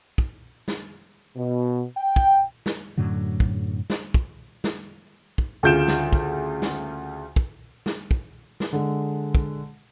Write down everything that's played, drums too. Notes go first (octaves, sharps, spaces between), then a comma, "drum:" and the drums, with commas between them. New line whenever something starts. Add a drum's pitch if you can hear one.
drum: kick
drum: snare
B2
G5
drum: kick
drum: snare
F#2 A2 D3 F#3
drum: kick
drum: snare
drum: kick
drum: snare
drum: kick
D2 C#3 F4 G6 D7 E7
drum: snare
drum: kick
drum: snare
drum: kick
drum: snare
drum: kick
drum: snare
D3 G#3
drum: kick